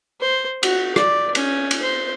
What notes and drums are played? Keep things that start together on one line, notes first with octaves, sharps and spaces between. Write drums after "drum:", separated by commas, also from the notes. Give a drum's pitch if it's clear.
C5
F#4, drum: cymbal
D5, drum: rim click
C#4, drum: cymbal
drum: cymbal
C5